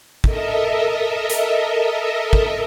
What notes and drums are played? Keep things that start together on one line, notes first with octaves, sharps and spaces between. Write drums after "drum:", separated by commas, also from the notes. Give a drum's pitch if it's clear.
A4 A#4 D#5 E5, drum: kick
drum: hi-hat
drum: kick